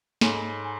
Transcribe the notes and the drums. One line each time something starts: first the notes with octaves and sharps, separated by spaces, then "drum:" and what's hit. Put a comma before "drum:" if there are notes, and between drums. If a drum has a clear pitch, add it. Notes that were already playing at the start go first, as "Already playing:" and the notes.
G#2 A4 C#5 G#5 B5, drum: snare
G#5